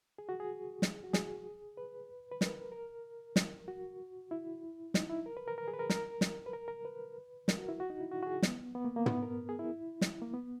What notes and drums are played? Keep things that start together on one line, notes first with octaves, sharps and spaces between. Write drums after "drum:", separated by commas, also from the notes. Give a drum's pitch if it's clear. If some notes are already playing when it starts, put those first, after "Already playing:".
G#4
F#4
G#4
drum: snare
F#4
G#4, drum: snare
B4
B4
A#4, drum: snare
A#4
drum: snare
F#4
E4
D#4, drum: snare
E4
A#4
B4
A#4
A#4
G#4
B4
A#4
A#4, drum: snare
drum: snare
B4
A#4
A#4
B4
A#4, drum: snare
F#4
E4
F#4
D#4
E4
F#4
F#4
G#4
B3, drum: snare
B3
A#3
A#3
B3, drum: tom
A#4
G#4
E4
drum: snare
A#3
B3